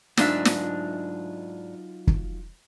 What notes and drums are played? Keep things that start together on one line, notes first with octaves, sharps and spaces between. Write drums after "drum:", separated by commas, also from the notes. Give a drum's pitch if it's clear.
G#2 F#3 D4 D#4 F4 E5, drum: snare
drum: snare
drum: kick